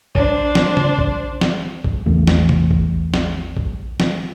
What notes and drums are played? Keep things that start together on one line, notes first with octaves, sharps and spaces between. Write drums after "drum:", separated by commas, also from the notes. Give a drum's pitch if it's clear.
D4 C5, drum: kick A#1
drum: snare
drum: tom
drum: kick A#1
drum: snare
drum: kick A#1
A1 E2 E3 A3
drum: snare
drum: tom
drum: kick A#1
drum: snare
drum: kick A#1
drum: snare